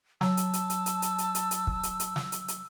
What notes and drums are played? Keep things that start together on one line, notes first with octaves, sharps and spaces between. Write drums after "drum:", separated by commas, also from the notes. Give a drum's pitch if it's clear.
F#3 A5 E6, drum: snare
drum: hi-hat
drum: hi-hat
drum: hi-hat
drum: hi-hat
drum: hi-hat
drum: hi-hat
drum: hi-hat
drum: hi-hat
drum: kick
drum: hi-hat
drum: hi-hat
drum: snare
drum: hi-hat
drum: hi-hat